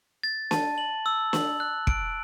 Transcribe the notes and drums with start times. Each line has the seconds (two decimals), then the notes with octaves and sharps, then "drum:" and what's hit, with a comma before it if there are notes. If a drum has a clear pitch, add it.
0.24 A6
0.51 A5, drum: snare
0.78 F#7
1.06 E6
1.33 F#7, drum: snare
1.60 F#6
1.87 D7, drum: kick